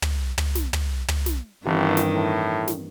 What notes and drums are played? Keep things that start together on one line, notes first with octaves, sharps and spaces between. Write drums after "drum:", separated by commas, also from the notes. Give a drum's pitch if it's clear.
drum: tom
drum: tom
drum: snare
drum: tom
drum: tom
drum: snare
G1 G2 D#3 E3 C4 G4
drum: snare
A2
drum: snare